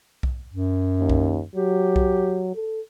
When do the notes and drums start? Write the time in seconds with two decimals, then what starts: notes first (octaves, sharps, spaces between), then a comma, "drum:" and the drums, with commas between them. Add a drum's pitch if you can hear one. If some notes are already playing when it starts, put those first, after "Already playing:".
0.23 drum: kick B1
0.52 F#2
1.00 D#2
1.09 drum: kick B1
1.55 F#3 G4
1.96 drum: kick B1
2.55 A4